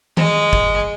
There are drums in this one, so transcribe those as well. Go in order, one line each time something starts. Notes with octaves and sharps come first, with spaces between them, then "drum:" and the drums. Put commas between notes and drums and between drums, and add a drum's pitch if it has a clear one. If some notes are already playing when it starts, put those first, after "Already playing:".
G#3 D#5, drum: tom D#3
drum: kick G1